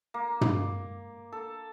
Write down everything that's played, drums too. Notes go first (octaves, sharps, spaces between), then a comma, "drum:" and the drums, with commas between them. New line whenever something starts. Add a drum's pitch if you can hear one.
A#3
drum: tom
A4